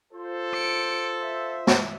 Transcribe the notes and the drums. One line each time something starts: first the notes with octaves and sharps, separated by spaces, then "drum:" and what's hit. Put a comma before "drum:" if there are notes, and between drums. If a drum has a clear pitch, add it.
F4 A4 C5
C#7 D7
E5
drum: snare